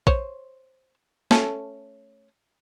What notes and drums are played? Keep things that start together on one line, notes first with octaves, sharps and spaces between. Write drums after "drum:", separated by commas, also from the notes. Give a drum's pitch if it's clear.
C5 C#5, drum: kick
A3 C#4 A4, drum: snare